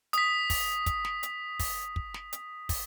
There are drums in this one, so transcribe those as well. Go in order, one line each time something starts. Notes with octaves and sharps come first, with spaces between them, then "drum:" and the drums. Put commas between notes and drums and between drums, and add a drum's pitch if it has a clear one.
D#6 B6, drum: hi-hat
drum: kick, open hi-hat
drum: kick, hi-hat
drum: snare
drum: hi-hat
drum: kick, open hi-hat
drum: kick
drum: snare
drum: hi-hat
drum: kick, open hi-hat